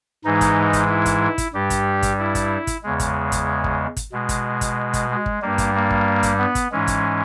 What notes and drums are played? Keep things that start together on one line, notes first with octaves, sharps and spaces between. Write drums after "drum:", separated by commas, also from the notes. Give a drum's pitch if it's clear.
G#2 E3 G#3 D#4
drum: kick, hi-hat
drum: kick, hi-hat
E4
drum: kick, hi-hat
drum: kick, hi-hat
G2 G3 G4
drum: kick, hi-hat
drum: kick, hi-hat
E4
drum: kick, hi-hat
drum: kick, hi-hat
E2 C#3 G#3
drum: kick, hi-hat
drum: kick, hi-hat
drum: kick
drum: kick, hi-hat
B2 G#3
drum: kick, hi-hat
drum: kick, hi-hat
drum: kick, hi-hat
G#3
drum: kick
G2 G3 A#3
drum: kick, hi-hat
A#3
drum: kick
drum: kick, hi-hat
B3
drum: kick, hi-hat
G#2 E3 G#3 C#4
drum: kick, hi-hat